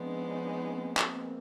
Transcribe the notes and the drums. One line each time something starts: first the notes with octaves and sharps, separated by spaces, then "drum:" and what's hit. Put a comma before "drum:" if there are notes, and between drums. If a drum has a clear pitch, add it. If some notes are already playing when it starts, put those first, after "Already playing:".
Already playing: F3 G#3 B3 C4 D4
C#4 D#4
A#3 C4
drum: clap